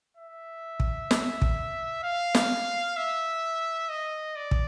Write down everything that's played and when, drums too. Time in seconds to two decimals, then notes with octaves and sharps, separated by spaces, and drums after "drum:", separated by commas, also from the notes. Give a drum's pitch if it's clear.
0.17 E5
0.80 drum: kick
1.11 drum: snare
1.42 drum: kick
2.04 F5
2.35 drum: snare
2.97 E5
3.89 D#5
4.36 D5
4.51 drum: kick